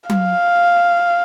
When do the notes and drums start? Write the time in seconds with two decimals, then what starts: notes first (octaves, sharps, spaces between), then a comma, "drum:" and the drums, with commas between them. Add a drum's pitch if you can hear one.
0.10 F5, drum: tom F#3